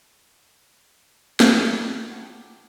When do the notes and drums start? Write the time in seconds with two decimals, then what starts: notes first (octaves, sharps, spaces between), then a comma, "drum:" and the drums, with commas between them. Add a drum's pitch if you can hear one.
1.40 drum: snare
1.51 G#4 C#5 D#5 F#5 G#5 A#5
1.71 D4 F4 G5 A#5 C6 C#6
2.11 F#5 G5 A5 D6